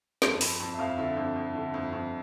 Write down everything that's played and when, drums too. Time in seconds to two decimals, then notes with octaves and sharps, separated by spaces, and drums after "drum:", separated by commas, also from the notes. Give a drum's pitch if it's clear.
0.22 F2 C6, drum: snare
0.41 F2 B5, drum: open hi-hat
0.60 F2 A5
0.74 E5
0.79 F2 F5
0.98 D3 E5
1.17 F2
1.36 F2
1.55 D3
1.74 F2
1.93 F2